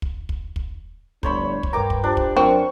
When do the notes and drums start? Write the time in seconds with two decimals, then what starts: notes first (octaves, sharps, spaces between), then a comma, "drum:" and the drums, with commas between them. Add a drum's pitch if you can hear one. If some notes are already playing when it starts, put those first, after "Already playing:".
0.02 drum: kick
0.29 drum: kick
0.56 drum: kick
1.23 G1 A2 D4 C5 C#5 B5, drum: kick
1.63 drum: kick
1.73 G2 A#4 B4 G5 A#5 D6
1.90 drum: kick
2.04 D4 F4 G4 C5
2.17 drum: kick
2.37 F#2 C4 D4 A#4 C#6